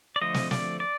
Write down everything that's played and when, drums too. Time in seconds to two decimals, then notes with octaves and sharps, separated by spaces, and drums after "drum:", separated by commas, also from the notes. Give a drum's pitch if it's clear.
0.16 D5
0.22 D3 F3 A3 D#5
0.34 drum: snare
0.51 D5, drum: snare
0.80 D5